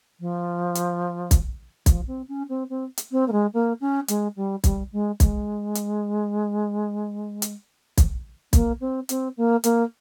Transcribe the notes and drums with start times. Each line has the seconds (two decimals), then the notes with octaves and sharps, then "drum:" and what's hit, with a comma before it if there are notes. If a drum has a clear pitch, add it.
0.20 F3
0.75 drum: hi-hat
1.31 drum: kick B1, hi-hat
1.86 F3, drum: kick B1, hi-hat
2.07 C4
2.28 C#4
2.49 C4
2.70 C4
2.98 drum: hi-hat
3.12 C4
3.28 A#3
3.32 G#3
3.53 A#3
3.80 C#4
4.08 G#3, drum: hi-hat
4.36 G3
4.64 G3, drum: kick B1, hi-hat
4.92 G#3
5.20 G#3, drum: kick B1, hi-hat
5.75 drum: hi-hat
7.42 drum: hi-hat
7.98 drum: kick B1, hi-hat
8.53 A#3, drum: kick B1, hi-hat
8.80 C4
9.09 C4, drum: hi-hat
9.37 A#3
9.64 A#3, drum: hi-hat